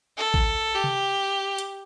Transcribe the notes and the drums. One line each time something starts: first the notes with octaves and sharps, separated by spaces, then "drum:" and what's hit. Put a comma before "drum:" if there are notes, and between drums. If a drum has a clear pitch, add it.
A4
drum: kick A1
G4
drum: tom C3
drum: hi-hat